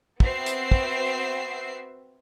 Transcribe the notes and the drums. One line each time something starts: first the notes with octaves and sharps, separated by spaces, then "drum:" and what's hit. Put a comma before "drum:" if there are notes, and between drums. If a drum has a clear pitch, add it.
B3 C4 F#4 E5 E6 C7, drum: kick
drum: hi-hat
drum: kick